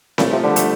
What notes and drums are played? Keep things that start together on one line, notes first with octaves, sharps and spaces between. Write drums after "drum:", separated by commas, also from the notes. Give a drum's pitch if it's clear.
A#2 A3, drum: snare C4
C3 F3
D3 G3
A3, drum: hi-hat